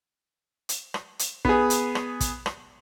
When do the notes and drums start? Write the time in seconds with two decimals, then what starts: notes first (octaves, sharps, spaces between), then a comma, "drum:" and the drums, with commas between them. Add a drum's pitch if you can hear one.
0.69 drum: hi-hat
0.94 drum: rim click
1.19 drum: hi-hat
1.45 B3 G#4, drum: kick
1.70 drum: hi-hat
1.95 drum: rim click
2.20 drum: kick, hi-hat
2.46 drum: rim click